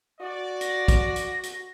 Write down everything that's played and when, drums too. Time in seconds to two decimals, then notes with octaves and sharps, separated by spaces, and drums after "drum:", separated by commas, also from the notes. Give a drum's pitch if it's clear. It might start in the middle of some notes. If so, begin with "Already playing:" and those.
0.21 F#4 D5
0.61 A#6, drum: hi-hat
0.88 drum: kick, hi-hat
1.16 drum: hi-hat
1.43 drum: hi-hat